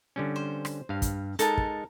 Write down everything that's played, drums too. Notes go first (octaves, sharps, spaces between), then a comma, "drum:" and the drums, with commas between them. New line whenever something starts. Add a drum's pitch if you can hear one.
D3 G3 C#4
C5
drum: rim click
G2 F5
drum: kick, hi-hat
G#3 D#4 A4 A#4 A5, drum: hi-hat
drum: kick